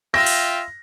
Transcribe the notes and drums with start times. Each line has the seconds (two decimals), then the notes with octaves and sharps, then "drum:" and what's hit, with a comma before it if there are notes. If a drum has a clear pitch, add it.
0.14 F4 E5 G5 A#6
0.26 drum: open hi-hat